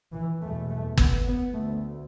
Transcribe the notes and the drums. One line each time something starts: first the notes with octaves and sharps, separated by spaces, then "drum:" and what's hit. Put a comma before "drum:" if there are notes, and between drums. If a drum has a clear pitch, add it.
E3
E2 B2 A3
A3
B3, drum: kick
B3
D2 A3